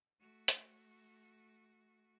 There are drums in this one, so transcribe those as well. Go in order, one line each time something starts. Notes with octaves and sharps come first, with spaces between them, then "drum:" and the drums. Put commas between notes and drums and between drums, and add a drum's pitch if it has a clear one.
A3 F#4
drum: hi-hat